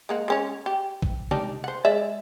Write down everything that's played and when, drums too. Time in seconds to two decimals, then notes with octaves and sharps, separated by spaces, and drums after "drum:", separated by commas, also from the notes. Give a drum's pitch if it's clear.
0.09 G#3 A#3 F#5
0.28 G#3 C#4 C#5
0.66 G4
1.02 drum: kick
1.31 G3 D4 D#4, drum: tom C3
1.64 C5 F#5
1.85 G#3 D5 E5